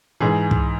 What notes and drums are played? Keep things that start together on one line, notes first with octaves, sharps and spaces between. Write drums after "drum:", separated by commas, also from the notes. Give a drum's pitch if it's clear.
G#2 E3 G#4
drum: kick